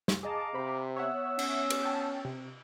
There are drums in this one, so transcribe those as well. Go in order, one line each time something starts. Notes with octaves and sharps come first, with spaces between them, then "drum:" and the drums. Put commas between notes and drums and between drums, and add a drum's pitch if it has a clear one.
drum: snare
G#4 D#5 F5 A5 A#5 D6
C3 C5 B5
B3 C#5 E5 F#5 E6
C#4, drum: cymbal
drum: cymbal
G5 A5
C3